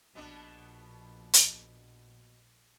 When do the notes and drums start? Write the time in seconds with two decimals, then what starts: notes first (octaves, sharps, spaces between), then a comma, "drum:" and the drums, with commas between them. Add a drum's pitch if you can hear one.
0.15 A#1 B2 B3 D4
1.33 drum: hi-hat